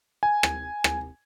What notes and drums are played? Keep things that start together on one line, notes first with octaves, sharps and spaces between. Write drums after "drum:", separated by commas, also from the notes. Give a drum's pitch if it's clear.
G#5
drum: rim click
drum: rim click